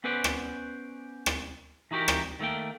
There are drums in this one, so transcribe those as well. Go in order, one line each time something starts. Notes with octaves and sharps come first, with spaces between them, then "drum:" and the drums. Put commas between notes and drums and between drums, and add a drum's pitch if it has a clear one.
B3 C#4 B4 C5 D5
drum: rim click
drum: rim click
E3 D#4 F#4 G4 A#4
drum: rim click
D#3 F#3 A3 A#3 G5